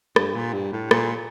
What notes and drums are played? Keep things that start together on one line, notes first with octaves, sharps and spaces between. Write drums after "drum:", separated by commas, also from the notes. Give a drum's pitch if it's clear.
G2, drum: rim click
A#2
G2
A2
A#2, drum: rim click